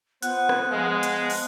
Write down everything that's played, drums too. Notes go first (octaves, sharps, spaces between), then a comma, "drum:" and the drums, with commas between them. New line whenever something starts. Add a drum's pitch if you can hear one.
B3 F4 C5 F#5 F#6, drum: hi-hat
drum: rim click
F3 G#3 F5
drum: hi-hat
drum: open hi-hat